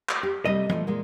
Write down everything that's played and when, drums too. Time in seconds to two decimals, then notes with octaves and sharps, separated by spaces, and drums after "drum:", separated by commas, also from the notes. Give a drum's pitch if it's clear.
0.09 drum: clap
0.23 G4
0.45 C3 G3 A3 D#5
0.69 A#2 F3 A3, drum: tom E3
0.87 A#2 G#3 A#3